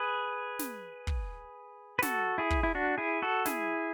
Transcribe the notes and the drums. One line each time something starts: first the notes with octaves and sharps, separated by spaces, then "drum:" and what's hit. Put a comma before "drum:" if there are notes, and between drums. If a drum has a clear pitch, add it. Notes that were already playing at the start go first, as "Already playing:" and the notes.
Already playing: G#4 B4
drum: snare
drum: kick
B4
F#4 A4, drum: snare
E4 G#4
drum: kick
E4
D4 F#4
E4 G#4
F#4 A4
E4 G#4, drum: snare